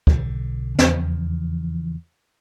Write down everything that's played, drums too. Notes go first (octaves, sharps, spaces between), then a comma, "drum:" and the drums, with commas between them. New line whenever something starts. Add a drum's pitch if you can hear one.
B1 D3, drum: kick
E2 C#3 E3 F3, drum: snare